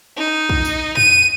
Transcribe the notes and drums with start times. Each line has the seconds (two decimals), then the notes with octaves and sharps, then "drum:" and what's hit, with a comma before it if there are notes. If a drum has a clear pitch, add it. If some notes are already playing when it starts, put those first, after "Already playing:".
0.18 D#4
0.49 drum: kick
0.65 drum: tambourine
0.97 D#7, drum: tom